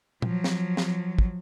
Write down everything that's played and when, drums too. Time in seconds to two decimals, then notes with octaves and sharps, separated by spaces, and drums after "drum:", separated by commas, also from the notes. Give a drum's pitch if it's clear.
0.22 F3 F#3, drum: tom A#2
0.44 drum: snare
0.77 drum: snare
1.19 drum: kick